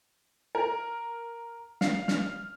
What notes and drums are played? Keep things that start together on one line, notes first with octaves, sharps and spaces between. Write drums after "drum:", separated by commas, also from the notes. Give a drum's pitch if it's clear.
A#4
F5, drum: snare
F6, drum: snare